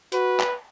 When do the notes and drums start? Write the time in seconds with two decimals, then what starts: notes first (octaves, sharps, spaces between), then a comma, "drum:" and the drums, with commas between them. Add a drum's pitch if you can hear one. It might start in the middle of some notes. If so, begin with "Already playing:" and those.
0.12 F#4 B4, drum: hi-hat
0.40 drum: clap